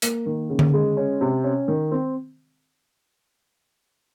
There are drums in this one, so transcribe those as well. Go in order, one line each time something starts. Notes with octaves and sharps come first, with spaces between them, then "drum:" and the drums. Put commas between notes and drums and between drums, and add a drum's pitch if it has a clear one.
A#3, drum: hi-hat
D#3
C#3
drum: tom D3
G#3
C#4
C3
C#4
D#3
C4